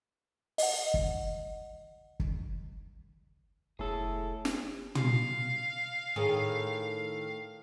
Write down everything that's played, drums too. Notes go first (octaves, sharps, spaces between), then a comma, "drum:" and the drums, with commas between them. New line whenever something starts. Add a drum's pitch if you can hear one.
D#5 F#5, drum: open hi-hat
drum: kick
drum: kick
F1 A2 G#4 A4
drum: snare
F5, drum: tom
A2 D#3 G#4